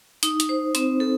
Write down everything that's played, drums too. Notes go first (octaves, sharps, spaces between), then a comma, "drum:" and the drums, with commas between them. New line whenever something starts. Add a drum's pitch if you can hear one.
D#4, drum: hi-hat
drum: hi-hat
C5
C4, drum: hi-hat
A4